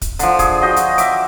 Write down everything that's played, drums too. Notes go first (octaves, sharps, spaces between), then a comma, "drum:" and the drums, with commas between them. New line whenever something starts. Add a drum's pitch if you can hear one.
drum: kick, hi-hat
D3 F3, drum: hi-hat
G#4, drum: kick, hi-hat
F#4 D#5 G5
drum: hi-hat
E5 D6, drum: hi-hat